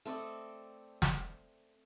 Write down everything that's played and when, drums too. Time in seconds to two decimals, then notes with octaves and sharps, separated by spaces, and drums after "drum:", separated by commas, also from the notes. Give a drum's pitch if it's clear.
0.05 A3 C4 D5 D#5
1.02 drum: snare